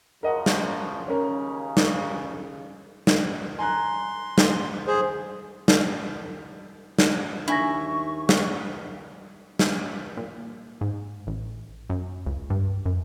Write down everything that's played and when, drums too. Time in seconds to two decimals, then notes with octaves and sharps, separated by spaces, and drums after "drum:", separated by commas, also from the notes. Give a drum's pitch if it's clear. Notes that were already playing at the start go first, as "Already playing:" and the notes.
0.23 F#2 C#3 F3 A#4 D#5 F#5
0.46 drum: snare
1.08 D#2 C#3 C#4 A#4
1.77 drum: snare
3.07 drum: snare
3.59 G#5 A#5 C6 F#6
4.38 drum: snare
4.87 G#4 C5
5.68 drum: snare
6.99 drum: snare
7.48 D#2 D4 E4 G#5 C#6 A#6
8.29 drum: snare
9.59 drum: snare
10.17 A#2
10.81 G#2
11.27 A1
11.90 F#2
12.26 C#2
12.50 G2
12.86 F#2